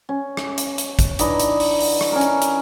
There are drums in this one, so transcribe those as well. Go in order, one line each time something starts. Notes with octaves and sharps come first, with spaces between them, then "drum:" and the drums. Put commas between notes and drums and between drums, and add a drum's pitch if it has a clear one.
C#4
drum: rim click
drum: hi-hat
drum: hi-hat
drum: kick, hi-hat
E3 D4 D#4 D#5, drum: hi-hat
drum: hi-hat
drum: open hi-hat
drum: open hi-hat
drum: rim click
C#4 A#4
drum: hi-hat
drum: hi-hat